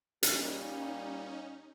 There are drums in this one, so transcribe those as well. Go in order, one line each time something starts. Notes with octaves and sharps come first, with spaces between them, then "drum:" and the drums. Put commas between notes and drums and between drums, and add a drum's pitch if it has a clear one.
A#2 G3 C#4 D#4, drum: hi-hat